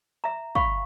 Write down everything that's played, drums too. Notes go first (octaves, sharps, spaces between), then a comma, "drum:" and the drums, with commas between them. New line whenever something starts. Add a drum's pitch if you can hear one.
E5 A#5
F5 B5 C#6, drum: kick